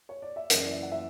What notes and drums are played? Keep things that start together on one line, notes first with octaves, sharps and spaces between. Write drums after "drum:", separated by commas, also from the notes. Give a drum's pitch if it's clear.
C#5
D5
E5
F#2 C#3 E3 F#5, drum: hi-hat
D5
E5
F#5
E5